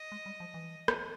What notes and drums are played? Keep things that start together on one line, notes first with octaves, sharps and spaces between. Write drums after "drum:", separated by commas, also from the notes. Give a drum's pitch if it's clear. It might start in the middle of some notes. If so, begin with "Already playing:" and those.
Already playing: D#5
G#3
G3
F3
E3
drum: rim click